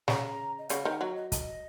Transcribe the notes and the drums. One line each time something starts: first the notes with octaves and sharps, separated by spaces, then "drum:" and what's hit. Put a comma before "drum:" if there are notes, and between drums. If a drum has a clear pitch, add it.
C#3 A#5, drum: snare
D#5
C#3 F#5, drum: hi-hat
D#3
F#3 D#5
D#5
D#5, drum: kick, hi-hat